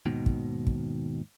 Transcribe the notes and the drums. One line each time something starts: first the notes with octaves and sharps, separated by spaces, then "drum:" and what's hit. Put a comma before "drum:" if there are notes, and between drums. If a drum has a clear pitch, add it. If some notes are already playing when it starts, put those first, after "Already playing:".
D#2 G#2 B2 D#3
drum: kick
drum: kick